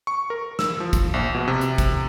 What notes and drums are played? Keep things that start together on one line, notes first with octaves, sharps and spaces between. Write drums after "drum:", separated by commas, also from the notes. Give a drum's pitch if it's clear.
C#6
A#4
E6, drum: snare
F3
drum: kick, hi-hat
A#1
B2
C3
drum: hi-hat
drum: kick, hi-hat